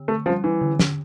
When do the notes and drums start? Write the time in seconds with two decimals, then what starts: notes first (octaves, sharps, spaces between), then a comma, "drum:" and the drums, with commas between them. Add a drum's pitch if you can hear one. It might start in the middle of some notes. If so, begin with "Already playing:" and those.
Already playing: D3
0.08 A3
0.26 F3 G3 C#4
0.44 E3
0.61 D3
0.79 drum: snare